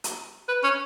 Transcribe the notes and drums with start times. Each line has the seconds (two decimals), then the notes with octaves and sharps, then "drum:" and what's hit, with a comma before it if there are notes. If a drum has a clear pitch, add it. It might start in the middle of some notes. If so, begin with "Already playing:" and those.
0.04 drum: hi-hat
0.48 B4
0.63 C#4